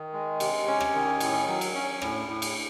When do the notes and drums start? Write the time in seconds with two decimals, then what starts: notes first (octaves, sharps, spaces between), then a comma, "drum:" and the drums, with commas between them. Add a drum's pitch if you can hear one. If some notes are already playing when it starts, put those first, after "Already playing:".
Already playing: D#3
0.13 G#3
0.40 C3, drum: cymbal
0.67 C#4
0.80 drum: rim click
0.94 D#3
1.20 A2, drum: cymbal
1.47 F#3
1.61 drum: cymbal
1.75 C#4
2.02 A2, drum: rim click
2.28 A2
2.42 drum: cymbal